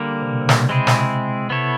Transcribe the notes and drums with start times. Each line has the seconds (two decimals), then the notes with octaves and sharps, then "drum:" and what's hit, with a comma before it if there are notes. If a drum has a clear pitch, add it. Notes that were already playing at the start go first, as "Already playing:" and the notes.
Already playing: D3 G3 A#3
0.22 C3
0.28 B2
0.41 C3
0.49 B2, drum: snare
0.59 C#3
0.69 C3 G#3 C4 E4 G#4
0.87 drum: snare
1.50 C3 B3 E4 A4 C#5